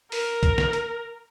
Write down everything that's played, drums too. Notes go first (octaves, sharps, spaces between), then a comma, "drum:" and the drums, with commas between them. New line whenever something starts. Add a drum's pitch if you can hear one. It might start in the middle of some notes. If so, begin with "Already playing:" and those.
A#4, drum: open hi-hat
drum: kick B1, hi-hat
drum: snare
drum: hi-hat